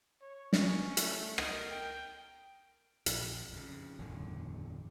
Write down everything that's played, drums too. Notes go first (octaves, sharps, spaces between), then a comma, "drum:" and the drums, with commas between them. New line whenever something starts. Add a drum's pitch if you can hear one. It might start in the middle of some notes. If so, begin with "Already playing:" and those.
C#5
C#4, drum: snare
A3, drum: hi-hat
A#4 D#5, drum: rim click
G5
A#1 F2, drum: hi-hat
F2 C#3
F#1 E2 A2 D3